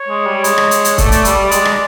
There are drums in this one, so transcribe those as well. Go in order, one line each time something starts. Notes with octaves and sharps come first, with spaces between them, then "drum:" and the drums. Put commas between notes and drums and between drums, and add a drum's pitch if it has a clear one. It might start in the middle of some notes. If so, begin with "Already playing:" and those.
Already playing: C#5
G#3
G3
G#3, drum: hi-hat
drum: rim click
drum: hi-hat
drum: hi-hat
A3 D5, drum: kick, hi-hat
drum: hi-hat
G3, drum: hi-hat
G3
G#3, drum: hi-hat
drum: rim click